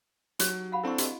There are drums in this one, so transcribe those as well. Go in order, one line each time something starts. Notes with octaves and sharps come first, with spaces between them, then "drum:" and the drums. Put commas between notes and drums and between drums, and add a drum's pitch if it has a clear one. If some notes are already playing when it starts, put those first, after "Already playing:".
F#3 D#4 G4 C#5, drum: hi-hat
F5 F#5 B5
C4 D4 E4 A4 C#6
F#4 G4 D#5, drum: hi-hat